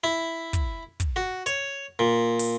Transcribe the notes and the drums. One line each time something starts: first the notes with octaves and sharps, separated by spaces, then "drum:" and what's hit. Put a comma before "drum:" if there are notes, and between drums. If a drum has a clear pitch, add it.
E4
drum: kick, hi-hat
drum: kick, hi-hat
F#4
C#5, drum: hi-hat
A#2
drum: open hi-hat